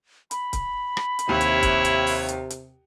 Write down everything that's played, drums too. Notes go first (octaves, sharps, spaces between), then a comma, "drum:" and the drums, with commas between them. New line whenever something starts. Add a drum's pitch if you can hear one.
B5, drum: hi-hat
drum: kick C#1, hi-hat
drum: rim click
drum: hi-hat
D#2 C3 E4 C#5
drum: hi-hat
drum: kick C#1, hi-hat
drum: hi-hat
drum: open hi-hat
drum: hi-hat
drum: hi-hat